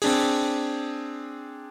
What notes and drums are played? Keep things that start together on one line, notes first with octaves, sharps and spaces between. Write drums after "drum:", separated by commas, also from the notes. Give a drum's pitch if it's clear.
C4 D4 G#4, drum: open hi-hat